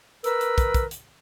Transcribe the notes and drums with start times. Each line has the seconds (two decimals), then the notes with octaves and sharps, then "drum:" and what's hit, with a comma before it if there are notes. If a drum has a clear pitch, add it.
0.24 A#4 B4 E6, drum: hi-hat
0.41 drum: hi-hat
0.58 drum: kick, hi-hat
0.74 drum: kick, hi-hat
0.91 drum: hi-hat